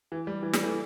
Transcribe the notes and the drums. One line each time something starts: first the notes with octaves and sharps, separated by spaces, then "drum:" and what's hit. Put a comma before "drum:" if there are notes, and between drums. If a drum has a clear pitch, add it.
E3
G3
E3
G3, drum: snare
E3 A3